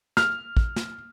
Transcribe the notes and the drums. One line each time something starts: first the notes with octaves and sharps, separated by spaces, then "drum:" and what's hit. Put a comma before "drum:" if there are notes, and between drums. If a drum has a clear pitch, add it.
F6, drum: snare
drum: kick
drum: snare